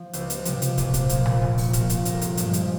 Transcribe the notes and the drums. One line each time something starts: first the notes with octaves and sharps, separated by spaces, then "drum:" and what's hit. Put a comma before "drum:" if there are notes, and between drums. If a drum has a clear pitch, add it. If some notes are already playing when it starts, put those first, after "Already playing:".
Already playing: F3
C#2 C5, drum: hi-hat
drum: hi-hat
C3 F3, drum: hi-hat
drum: hi-hat
A#1, drum: kick, hi-hat
drum: kick, hi-hat
A#2 F3 A#3, drum: hi-hat
drum: rim click
A#1, drum: kick
drum: open hi-hat
A#2 F3 A#3, drum: kick, hi-hat
drum: hi-hat
G1 A#4, drum: hi-hat
drum: hi-hat
G2 F3 G#3, drum: hi-hat
drum: hi-hat